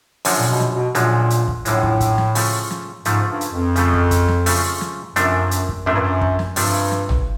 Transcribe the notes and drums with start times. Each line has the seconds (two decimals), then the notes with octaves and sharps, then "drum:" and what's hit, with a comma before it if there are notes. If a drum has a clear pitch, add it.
0.25 F#2 D3 F3 G#3, drum: open hi-hat
0.40 A#2
0.49 B2
0.60 drum: snare
0.72 B2
0.95 F#2 A#2 D3 F3 G#3, drum: hi-hat
1.30 drum: hi-hat
1.48 drum: kick
1.65 F#2 A2 D3 F3 G#3, drum: hi-hat
1.83 drum: kick
2.00 drum: kick, hi-hat
2.18 drum: snare
2.35 C#3 F3 A3, drum: open hi-hat
2.71 drum: snare
3.05 G#2 C#3 F3 A3, drum: hi-hat
3.29 G2
3.41 drum: hi-hat
3.52 F2
3.76 C#3 F3 A3, drum: hi-hat
3.93 drum: kick
4.11 drum: kick, hi-hat
4.28 drum: snare
4.46 C#3 F3 A3, drum: open hi-hat
4.81 drum: snare
5.16 F#2 C3 F3 A3 D4, drum: hi-hat
5.51 drum: hi-hat
5.69 drum: kick
5.86 F#2 C3 F3 A3 D4
5.94 G2
6.00 F#2
6.21 drum: kick
6.39 drum: snare
6.56 G2 C3 F3 A3 D4, drum: open hi-hat
6.92 drum: snare
7.09 drum: tom